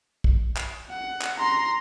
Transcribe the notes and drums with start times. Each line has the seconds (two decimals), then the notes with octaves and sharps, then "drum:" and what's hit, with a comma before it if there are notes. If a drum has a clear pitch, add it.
0.24 drum: kick
0.57 drum: clap
0.89 F#5
1.22 drum: clap
1.39 A#5 C6